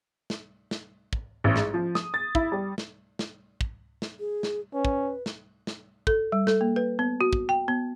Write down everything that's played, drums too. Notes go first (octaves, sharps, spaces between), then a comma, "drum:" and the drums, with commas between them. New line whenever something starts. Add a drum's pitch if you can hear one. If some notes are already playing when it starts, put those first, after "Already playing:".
drum: snare
drum: snare
drum: kick
A1
G#2, drum: snare
F3
D#6, drum: snare
A6
E4, drum: kick
G3
drum: snare
drum: snare
drum: kick
drum: snare
G#4
drum: snare
C#4 B4
drum: kick
drum: snare
drum: snare
A4, drum: kick
G3
A4, drum: snare
A#3
B4
B3
F#4
drum: kick
G5
B3